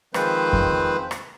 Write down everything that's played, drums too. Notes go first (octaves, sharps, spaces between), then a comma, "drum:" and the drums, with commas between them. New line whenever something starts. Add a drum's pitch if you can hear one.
D#3 F3 G#3 C4 B4 C5, drum: rim click
drum: kick F2
drum: rim click